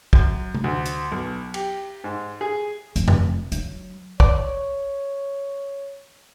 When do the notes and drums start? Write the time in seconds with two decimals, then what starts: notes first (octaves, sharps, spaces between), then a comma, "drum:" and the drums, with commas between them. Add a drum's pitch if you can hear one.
0.13 F#2, drum: kick
0.55 drum: tom C3
0.64 D2
0.85 drum: hi-hat
1.12 B1
1.54 G4, drum: cymbal
2.04 G#2
2.41 G#4
2.96 F1, drum: hi-hat
3.08 drum: tom F2
3.52 F#3, drum: hi-hat
4.20 C#5 D5, drum: kick